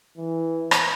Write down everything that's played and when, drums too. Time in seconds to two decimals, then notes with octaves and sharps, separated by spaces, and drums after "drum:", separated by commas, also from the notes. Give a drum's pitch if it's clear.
0.17 E3
0.71 drum: rim click